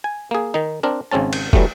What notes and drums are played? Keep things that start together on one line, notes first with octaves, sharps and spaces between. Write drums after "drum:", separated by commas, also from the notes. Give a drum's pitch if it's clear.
G#5
A#3 G#4
D#3 D#4
C4 D4 A#4
G#1 C#3 C4 C#4 A5
drum: cymbal
E3 F#3 G3 A3, drum: kick